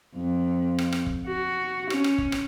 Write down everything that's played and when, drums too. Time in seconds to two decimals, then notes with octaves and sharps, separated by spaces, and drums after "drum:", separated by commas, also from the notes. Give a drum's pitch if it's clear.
0.15 F2
0.78 drum: rim click
0.92 drum: rim click
1.06 drum: kick
1.26 F#4
1.90 C#4, drum: rim click
2.04 drum: rim click
2.18 drum: kick
2.32 drum: rim click